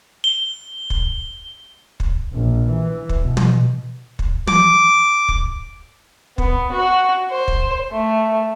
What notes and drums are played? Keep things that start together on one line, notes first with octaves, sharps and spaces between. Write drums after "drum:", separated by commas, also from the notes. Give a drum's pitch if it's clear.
G7
drum: kick
drum: kick
A#1
E3
drum: kick
B2
drum: tom
drum: kick
D6, drum: tom
drum: kick
B3, drum: kick
F#4
C5
drum: kick
A3